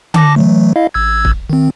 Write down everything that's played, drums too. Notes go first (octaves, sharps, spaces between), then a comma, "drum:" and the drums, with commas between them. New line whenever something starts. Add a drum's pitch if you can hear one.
A5 D6 A#6, drum: tom D3
E3 F#3 A3
E4 D#5 F5
A1 E6 G#6
drum: kick
D#3 C4